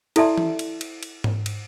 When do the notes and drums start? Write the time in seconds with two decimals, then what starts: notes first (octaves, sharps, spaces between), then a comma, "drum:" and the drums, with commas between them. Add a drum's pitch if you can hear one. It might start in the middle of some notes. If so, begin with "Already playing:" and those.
0.16 E4 A4 D5 E5 A5 C6, drum: cymbal
0.38 drum: tom E3
0.59 drum: cymbal
0.81 drum: cymbal
1.03 drum: cymbal
1.24 drum: tom G#2
1.46 drum: cymbal